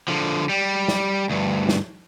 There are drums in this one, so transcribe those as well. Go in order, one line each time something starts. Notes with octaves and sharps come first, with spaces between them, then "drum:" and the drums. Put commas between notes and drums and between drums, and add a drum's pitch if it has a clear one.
D3 F3
G3
drum: snare
D2 G2
drum: snare